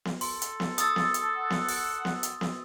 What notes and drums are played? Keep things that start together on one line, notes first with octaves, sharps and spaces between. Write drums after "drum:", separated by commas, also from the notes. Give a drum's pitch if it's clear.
drum: snare B3
A4 C6, drum: open hi-hat
drum: hi-hat
drum: snare B3
A5 D#6 E6 A6, drum: hi-hat
drum: snare B3
drum: hi-hat
F#5
drum: snare B3
drum: open hi-hat
drum: snare B3
drum: hi-hat
drum: snare B3